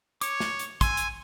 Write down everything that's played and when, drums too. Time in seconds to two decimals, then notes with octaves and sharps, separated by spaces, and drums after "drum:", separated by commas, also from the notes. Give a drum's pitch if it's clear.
0.21 C#5 D6, drum: hi-hat
0.40 drum: snare
0.59 drum: hi-hat
0.81 G#5 C6 E6, drum: kick, hi-hat
0.97 drum: hi-hat